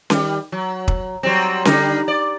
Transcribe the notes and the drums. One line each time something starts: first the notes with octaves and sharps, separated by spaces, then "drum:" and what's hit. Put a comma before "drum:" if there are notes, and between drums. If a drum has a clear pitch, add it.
D#3 G3, drum: snare C#4
F#3
drum: kick
F#3 G3 C4
D3 G3 D#4, drum: snare C#4
D5